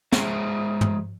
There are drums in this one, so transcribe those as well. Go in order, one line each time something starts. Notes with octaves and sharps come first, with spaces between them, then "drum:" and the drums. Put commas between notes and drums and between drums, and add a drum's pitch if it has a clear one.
G#3 C5 E5 A#5, drum: snare
drum: tom